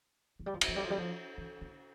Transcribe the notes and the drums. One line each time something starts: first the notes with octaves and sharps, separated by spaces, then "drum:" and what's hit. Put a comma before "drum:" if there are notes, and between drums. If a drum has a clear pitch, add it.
F3
G3
F3
G3, drum: cymbal
F3
G3
F3
G3
F3
E3
D3